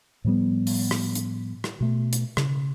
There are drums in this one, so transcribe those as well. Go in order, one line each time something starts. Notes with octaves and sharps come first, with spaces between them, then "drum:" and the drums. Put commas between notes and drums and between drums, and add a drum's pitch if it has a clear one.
A2 F3 G3 B3
drum: open hi-hat
drum: rim click
drum: hi-hat
drum: rim click
B2 A3
drum: hi-hat
C#3, drum: rim click